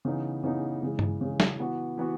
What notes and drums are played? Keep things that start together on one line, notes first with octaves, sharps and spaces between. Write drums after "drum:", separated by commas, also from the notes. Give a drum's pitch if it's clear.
C#3 E3 B3 D#4
C#3 E3 B3 D#4
C#3 E3 G#3
drum: tom G2
C#3 E3 G#3
drum: snare
E3 B3 F#4
E3 B3 F#4